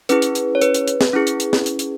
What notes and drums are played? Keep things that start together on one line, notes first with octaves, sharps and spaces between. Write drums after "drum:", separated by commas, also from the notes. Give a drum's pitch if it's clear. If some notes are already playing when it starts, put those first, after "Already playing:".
C#4 E4 G#4 B4, drum: hi-hat
drum: hi-hat
drum: hi-hat
C#5
B4, drum: hi-hat
drum: hi-hat
drum: hi-hat
drum: snare
C#4 E4 G#4
drum: hi-hat
drum: hi-hat
drum: snare
drum: hi-hat
drum: hi-hat